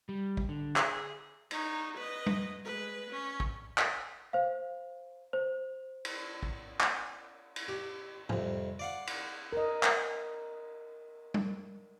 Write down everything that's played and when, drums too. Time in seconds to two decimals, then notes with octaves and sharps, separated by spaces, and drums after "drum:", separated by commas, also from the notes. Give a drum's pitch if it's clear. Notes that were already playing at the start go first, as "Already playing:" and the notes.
0.09 G3
0.37 drum: kick
0.49 D3
0.76 G#4, drum: clap
1.51 D#4 C#5, drum: cymbal
1.97 B4 D#5
2.26 drum: tom G3
2.64 G#3 B4
3.10 C#4
3.40 drum: kick
3.78 drum: clap
4.33 C5 F5
5.33 C5
6.05 drum: cymbal
6.43 drum: kick
6.80 drum: clap
7.56 drum: cymbal
7.68 G4
8.29 C2 F2, drum: tom G#2
8.79 D5 F5 F#5
9.07 drum: cymbal
9.53 A#4 D#5
9.83 drum: clap
11.34 drum: tom G3